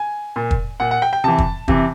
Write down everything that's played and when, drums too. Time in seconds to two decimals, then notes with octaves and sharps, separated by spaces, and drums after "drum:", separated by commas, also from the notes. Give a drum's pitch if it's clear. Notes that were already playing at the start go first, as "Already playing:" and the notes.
Already playing: G#5
0.36 A#2
0.51 drum: kick
0.80 A#2 F#5
0.91 F#5
1.02 G5
1.13 G5
1.24 C3 E3 A5
1.38 drum: kick
1.68 C3 E3, drum: kick